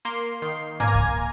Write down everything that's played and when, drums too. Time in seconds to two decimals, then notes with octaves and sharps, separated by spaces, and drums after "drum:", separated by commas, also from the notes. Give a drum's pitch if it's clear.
0.05 A#3 C6
0.42 D#3 C6
0.80 A#3 G#5, drum: tom G#2
0.88 A#5
0.95 G#5, drum: kick C2